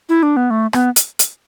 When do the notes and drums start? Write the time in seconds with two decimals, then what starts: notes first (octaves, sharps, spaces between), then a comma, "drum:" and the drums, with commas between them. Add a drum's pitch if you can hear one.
0.09 E4
0.23 D4
0.37 B3
0.50 A3
0.73 B3, drum: rim click
0.96 drum: hi-hat
1.19 drum: hi-hat